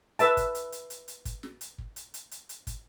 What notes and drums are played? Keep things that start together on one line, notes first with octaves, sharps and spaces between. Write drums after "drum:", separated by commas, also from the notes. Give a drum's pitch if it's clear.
B4 E5 A5, drum: hi-hat
drum: kick, hi-hat
drum: hi-hat
drum: hi-hat
drum: hi-hat
drum: hi-hat
drum: kick, hi-hat
drum: snare
drum: hi-hat
drum: kick
drum: hi-hat
drum: hi-hat
drum: hi-hat
drum: hi-hat
drum: kick, hi-hat